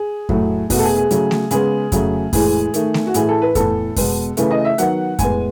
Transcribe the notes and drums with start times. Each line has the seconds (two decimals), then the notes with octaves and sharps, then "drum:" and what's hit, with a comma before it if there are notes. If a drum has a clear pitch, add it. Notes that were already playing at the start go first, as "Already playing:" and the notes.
Already playing: G#4
0.29 A2 F#3 A3, drum: kick F2
0.70 B2 A3 F#4, drum: kick F2, open hi-hat
0.79 A4
0.84 G#4
0.97 G#4
1.11 C#3 F#3 A3, drum: hi-hat
1.31 drum: snare A3
1.51 C#3 G#3 B3 G#4, drum: hi-hat
1.92 C#3 F#3 A3, drum: kick F2, hi-hat
2.33 A2 E3 G#3 G#4, drum: kick F2, open hi-hat
2.74 D#3 A3, drum: hi-hat
2.94 drum: snare A3
3.07 F#4
3.14 A2 E3 A3 G#4, drum: hi-hat
3.29 A4
3.42 B4
3.55 A2 E3 B3 A4, drum: kick F2, hi-hat
3.96 B2 G#3 B3, drum: kick F2, open hi-hat
4.37 C#3 E3 A3 B4, drum: hi-hat
4.51 D#5
4.65 E5
4.78 D#3 F#3 B3 F#5, drum: hi-hat
5.19 A2 G#3 B3 G#5, drum: kick F2, hi-hat